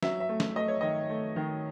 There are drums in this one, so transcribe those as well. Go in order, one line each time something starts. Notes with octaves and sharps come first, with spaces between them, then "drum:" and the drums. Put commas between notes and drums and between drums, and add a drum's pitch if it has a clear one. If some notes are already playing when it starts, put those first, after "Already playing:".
F#3 E5, drum: snare
E5
A3
drum: snare
A3 D#5
C#5
D#3 D#5
A3
D#3